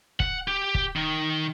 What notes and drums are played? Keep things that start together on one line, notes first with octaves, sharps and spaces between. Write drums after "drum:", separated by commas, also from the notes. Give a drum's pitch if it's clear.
F#5, drum: kick
G4
drum: kick
D#3